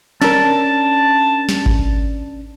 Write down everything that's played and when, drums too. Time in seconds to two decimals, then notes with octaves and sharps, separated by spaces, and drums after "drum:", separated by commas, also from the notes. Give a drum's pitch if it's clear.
0.22 C#4 D4 A#4 A5, drum: snare
1.49 drum: snare
1.66 drum: kick G#1